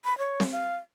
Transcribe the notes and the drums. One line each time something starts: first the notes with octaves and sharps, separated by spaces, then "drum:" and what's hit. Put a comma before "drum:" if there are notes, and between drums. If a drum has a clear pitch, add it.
B5
C#5
drum: snare C4
F5